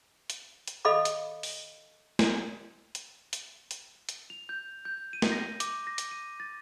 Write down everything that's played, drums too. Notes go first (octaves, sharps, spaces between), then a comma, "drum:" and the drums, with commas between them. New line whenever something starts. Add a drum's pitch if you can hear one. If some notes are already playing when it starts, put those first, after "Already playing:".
drum: hi-hat
drum: hi-hat
A4 D#5 F5 B5 D6
drum: hi-hat
drum: open hi-hat
drum: snare
drum: hi-hat
drum: hi-hat
drum: hi-hat
drum: hi-hat
F7
G6
G6
D#7
drum: snare
A#6
D6, drum: hi-hat
A#6
drum: hi-hat
D#7
A6